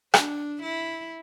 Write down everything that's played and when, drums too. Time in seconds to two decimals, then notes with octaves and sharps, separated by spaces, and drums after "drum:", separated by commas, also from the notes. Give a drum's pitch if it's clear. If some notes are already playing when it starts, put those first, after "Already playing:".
0.14 D4, drum: rim click
0.62 E4